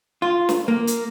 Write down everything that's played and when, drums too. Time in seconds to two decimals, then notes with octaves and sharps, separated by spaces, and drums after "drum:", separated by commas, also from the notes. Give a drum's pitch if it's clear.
0.22 F4
0.49 drum: snare
0.68 A#3
0.87 drum: hi-hat